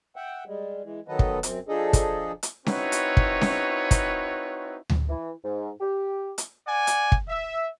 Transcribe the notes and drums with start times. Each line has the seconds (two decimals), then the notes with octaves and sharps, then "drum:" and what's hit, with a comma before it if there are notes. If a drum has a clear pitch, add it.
0.16 E5 F#5 G5
0.47 G3 G#3
0.84 E3 G#3
1.08 D#3 F#3 B3 A4 B4 D#5
1.19 drum: kick
1.43 F#2 C4, drum: hi-hat
1.69 F3 D4 D#4 G#4 A4 D#5
1.93 drum: kick, hi-hat
2.43 drum: hi-hat
2.66 C4 D#4 E4 F#4 B4 C#5, drum: snare C#4
2.92 drum: hi-hat
3.17 drum: kick
3.41 drum: snare C#4
3.91 drum: kick, hi-hat
4.90 drum: tom D2
5.09 E3
5.44 G#2
5.80 G4
6.38 drum: hi-hat
6.68 D5 F#5 G#5
6.87 drum: hi-hat
7.12 drum: kick
7.29 E5